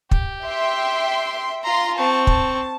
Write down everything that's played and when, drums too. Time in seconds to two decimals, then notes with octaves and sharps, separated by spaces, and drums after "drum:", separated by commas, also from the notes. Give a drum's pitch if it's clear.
0.11 G4, drum: kick
0.45 E5 G5 C6
1.63 F4 A#5 C6
1.97 C4 A5 C#6
2.27 A5, drum: kick